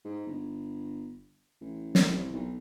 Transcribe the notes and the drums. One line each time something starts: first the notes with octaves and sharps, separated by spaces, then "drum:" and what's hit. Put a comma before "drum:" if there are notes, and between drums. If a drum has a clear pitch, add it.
G#2
G1
A1
drum: snare
C2
B1